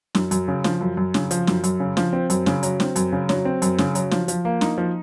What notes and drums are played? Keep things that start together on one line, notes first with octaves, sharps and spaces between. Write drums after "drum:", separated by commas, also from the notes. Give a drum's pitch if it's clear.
F#2, drum: snare
F#2, drum: hi-hat
C#3
F3, drum: snare
F#2
F#2
C#3, drum: snare
F3, drum: hi-hat
F#2, drum: snare
F#2, drum: hi-hat
C#3
F3, drum: snare
C4
F#2, drum: hi-hat
C#3, drum: snare
F#3, drum: hi-hat
C4, drum: snare
F#2, drum: hi-hat
C#3
F#3, drum: snare
C4
F#2, drum: hi-hat
C#3, drum: snare
F#3, drum: hi-hat
F3, drum: snare
F3, drum: hi-hat
A#3
D#4, drum: snare
F3